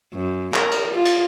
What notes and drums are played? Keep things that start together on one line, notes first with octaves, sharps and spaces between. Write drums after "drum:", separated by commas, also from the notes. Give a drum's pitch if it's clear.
F#2
A#4, drum: clap
drum: cymbal
F4
drum: cymbal